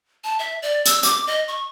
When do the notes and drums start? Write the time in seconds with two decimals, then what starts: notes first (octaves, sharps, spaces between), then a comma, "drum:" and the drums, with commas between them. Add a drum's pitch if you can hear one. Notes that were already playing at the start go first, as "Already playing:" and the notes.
0.24 A5
0.39 E5
0.62 D5
0.86 E6, drum: hi-hat
1.03 D6, drum: hi-hat
1.27 D#5
1.48 C#6